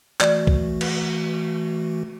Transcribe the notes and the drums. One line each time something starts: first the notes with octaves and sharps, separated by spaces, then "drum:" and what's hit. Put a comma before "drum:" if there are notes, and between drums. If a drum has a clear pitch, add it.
E3 A3 F#4 D5, drum: clap
drum: kick B1
drum: cymbal